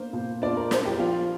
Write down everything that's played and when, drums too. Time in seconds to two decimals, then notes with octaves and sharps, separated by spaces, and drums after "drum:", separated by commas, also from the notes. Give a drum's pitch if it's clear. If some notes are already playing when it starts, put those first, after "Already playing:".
Already playing: A#3 D4 C5
0.13 A#2
0.42 D4 F4 D5
0.57 A#4
0.71 D4 C5, drum: snare
0.85 G4 G5
1.00 F3 F4 F5